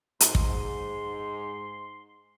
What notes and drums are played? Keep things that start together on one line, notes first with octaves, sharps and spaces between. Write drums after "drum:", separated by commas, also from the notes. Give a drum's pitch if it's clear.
G#2 C6, drum: hi-hat
drum: kick